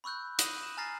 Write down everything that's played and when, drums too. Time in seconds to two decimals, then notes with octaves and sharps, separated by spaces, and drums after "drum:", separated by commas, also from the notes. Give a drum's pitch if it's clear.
0.04 B5 C#6 E6 F#6 G6
0.39 D#6 F#6 A#6 D#7 F#7, drum: hi-hat
0.63 E7
0.77 G#5 A#5 F6 A6 A#6 C7